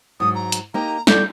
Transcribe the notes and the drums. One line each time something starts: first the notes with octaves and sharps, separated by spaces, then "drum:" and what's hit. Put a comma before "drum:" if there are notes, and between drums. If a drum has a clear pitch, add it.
G#2 F#3 D#6
A#5
drum: hi-hat
A#3 D#4 G4 A#5
E4 A4 D5 G6, drum: snare